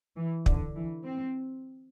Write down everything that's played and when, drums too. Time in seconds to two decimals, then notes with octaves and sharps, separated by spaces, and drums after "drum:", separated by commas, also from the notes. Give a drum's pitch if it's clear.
0.16 E3
0.46 D3, drum: kick
0.76 E3
1.05 C4